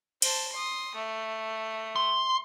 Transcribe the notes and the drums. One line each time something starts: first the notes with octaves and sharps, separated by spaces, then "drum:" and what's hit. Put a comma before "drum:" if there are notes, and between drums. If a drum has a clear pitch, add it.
C5 A5, drum: cymbal
C6 D#6
A3
C6